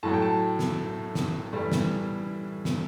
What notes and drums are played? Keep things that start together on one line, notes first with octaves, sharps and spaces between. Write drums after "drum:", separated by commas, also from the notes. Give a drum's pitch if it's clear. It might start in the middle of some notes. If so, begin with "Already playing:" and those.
A2 F#3 A3 A5
G5
A5
drum: snare
drum: snare
A2 E3 G3
drum: snare
drum: snare